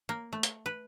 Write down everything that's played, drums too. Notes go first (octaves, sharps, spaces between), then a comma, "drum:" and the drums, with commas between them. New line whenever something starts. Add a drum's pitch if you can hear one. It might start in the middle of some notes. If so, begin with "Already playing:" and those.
A#3
A3
drum: hi-hat
B4